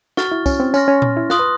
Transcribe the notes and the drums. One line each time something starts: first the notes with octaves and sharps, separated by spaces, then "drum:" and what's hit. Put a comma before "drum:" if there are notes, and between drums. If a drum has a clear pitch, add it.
F#4 C#6 F6 A6, drum: snare
E4
C#4, drum: kick, tambourine
C4
C#4 C6 F6 A#6, drum: tambourine
C#4
drum: tom A#2
E4
F4 C6 D#6 F#6, drum: snare
B4